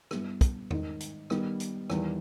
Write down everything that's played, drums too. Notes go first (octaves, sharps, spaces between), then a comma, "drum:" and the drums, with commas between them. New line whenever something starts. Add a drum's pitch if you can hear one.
G2 G3 B3 E4, drum: rim click
drum: kick, hi-hat
G#2 D#3 G#3 D#4, drum: tom E2
drum: hi-hat
D#3 G3 B3 D#4, drum: rim click
drum: hi-hat
E2 D#3 G3, drum: rim click